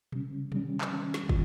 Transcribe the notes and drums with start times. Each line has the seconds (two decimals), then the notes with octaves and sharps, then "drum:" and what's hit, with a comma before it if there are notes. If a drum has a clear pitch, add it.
0.12 C#3 G3 C#4, drum: tom B2
0.52 D#3 G3 C#4, drum: tom B2
0.81 drum: clap
0.90 D#3 G3 C#4
1.14 drum: snare
1.29 D#3 F4, drum: kick